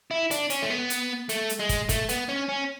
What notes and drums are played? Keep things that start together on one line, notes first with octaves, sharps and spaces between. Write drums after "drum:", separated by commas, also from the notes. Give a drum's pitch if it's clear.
E4
D4, drum: hi-hat
C#4, drum: hi-hat
A3
B3
drum: hi-hat
A3, drum: hi-hat
drum: hi-hat
G#3
drum: kick, hi-hat
A3, drum: kick, hi-hat
B3, drum: hi-hat
C#4
C#4